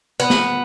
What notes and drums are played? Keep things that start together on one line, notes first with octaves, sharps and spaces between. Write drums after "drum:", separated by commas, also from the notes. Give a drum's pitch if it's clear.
B3
drum: snare